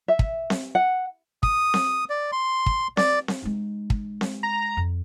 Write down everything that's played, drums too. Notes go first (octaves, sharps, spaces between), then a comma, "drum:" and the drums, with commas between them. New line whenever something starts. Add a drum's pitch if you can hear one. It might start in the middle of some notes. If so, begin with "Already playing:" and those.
E5
drum: kick
drum: snare C4
F#5
D#6, drum: kick
drum: snare C4
D5
C6
drum: kick
D5, drum: snare C4
drum: snare C4
G#3 D#4
drum: kick
drum: snare C4
A#5
F2